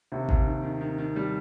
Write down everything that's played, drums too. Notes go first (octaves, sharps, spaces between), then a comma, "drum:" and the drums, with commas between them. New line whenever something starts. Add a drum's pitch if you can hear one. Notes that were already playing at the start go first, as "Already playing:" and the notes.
D#2 C3
D#2, drum: kick A1
D#3
D#3
D#3
D#3
G3